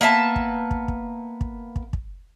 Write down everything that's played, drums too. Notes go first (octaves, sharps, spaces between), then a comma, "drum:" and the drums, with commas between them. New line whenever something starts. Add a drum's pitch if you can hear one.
A#3 B3 E5 A5
drum: kick
drum: kick
drum: kick
drum: kick
drum: kick
drum: kick